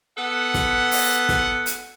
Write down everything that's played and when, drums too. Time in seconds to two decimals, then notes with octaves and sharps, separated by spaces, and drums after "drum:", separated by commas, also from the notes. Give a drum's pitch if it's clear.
0.17 B3 A4 F#5
0.54 drum: snare
0.91 drum: open hi-hat
1.29 drum: snare
1.66 drum: hi-hat